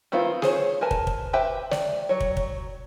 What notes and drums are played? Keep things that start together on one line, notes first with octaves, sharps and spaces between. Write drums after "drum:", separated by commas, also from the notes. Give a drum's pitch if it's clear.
D#3 B3 C4 E4 F4
G#4 C5 C#5, drum: snare
A#4 B4 G#5 A5
drum: kick
drum: kick
G4 B4 C5 E5 G5
D5, drum: snare
F#3 C#5
drum: kick
drum: kick